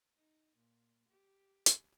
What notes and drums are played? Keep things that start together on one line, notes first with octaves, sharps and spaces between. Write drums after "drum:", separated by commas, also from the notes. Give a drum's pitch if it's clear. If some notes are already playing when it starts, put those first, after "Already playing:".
D#4
A#2
G4
drum: hi-hat